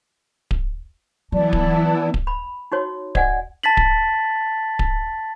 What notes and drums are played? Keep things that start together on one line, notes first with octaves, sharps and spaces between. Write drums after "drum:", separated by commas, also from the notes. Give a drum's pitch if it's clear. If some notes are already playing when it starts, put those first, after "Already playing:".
drum: kick D1
E3 F#3 B3 E4 D5 A5
drum: kick D1
drum: kick D1
B5
D#4 F#4 C#5
D5 D#5 F#5 G#5, drum: kick D1
A5 A6 B6 F#7
drum: kick D1
drum: kick D1